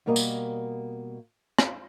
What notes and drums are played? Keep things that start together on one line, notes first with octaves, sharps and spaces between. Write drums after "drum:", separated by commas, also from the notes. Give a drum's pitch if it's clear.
B2 G3 A#3 A#4 D#5
drum: tambourine
drum: rim click